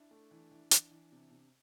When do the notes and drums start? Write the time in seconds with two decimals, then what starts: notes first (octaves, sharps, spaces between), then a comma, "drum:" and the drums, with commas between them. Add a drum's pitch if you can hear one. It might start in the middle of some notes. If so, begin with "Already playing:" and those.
Already playing: D4 E4
0.11 A3
0.31 E3
0.51 E3
0.71 E3, drum: hi-hat
0.91 E3
1.12 C3
1.31 C3